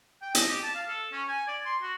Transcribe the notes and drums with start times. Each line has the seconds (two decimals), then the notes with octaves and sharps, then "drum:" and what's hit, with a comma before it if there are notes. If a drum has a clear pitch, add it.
0.22 G5
0.35 D#5, drum: hi-hat
0.50 G4
0.63 A5
0.75 F5
0.88 A4
1.12 C#4
1.28 G#5
1.48 D5
1.66 C6
1.82 F#4